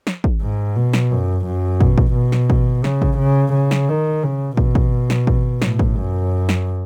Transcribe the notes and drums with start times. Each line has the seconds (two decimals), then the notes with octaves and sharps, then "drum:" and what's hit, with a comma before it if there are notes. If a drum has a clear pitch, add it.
0.07 drum: snare
0.24 drum: kick
0.42 G#2
0.76 B2
0.93 drum: snare
1.11 F#2
1.46 F#2
1.81 B2, drum: kick
1.98 drum: kick
2.14 B2
2.32 drum: snare
2.50 drum: kick
2.84 C#3, drum: snare
3.02 drum: kick
3.19 C#3
3.54 C#3
3.71 drum: snare
3.89 D#3
4.24 C#3
4.57 B2, drum: kick
4.75 drum: kick
5.10 drum: snare
5.27 drum: kick
5.62 A2, drum: snare
5.79 drum: kick
5.97 F#2
6.49 drum: snare